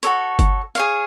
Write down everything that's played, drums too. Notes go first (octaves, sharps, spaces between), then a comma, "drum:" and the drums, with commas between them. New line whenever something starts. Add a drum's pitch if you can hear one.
F#4 A4 C#5, drum: hi-hat
drum: kick G1, hi-hat
G#4 C#5 F5, drum: hi-hat